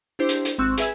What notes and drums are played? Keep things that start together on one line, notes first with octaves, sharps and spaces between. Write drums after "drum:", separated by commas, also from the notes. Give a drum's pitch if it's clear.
D4 E4 G4 C5
drum: hi-hat
drum: hi-hat
G#1 C4 C#6 E6 F#6
G#4 B4 E5 G#5 E6, drum: hi-hat